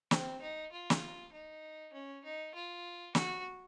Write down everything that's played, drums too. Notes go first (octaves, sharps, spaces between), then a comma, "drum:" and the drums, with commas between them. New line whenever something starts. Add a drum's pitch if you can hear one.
C4, drum: snare
D#4
F4
drum: snare
D#4
C#4
D#4
F4
F#4, drum: snare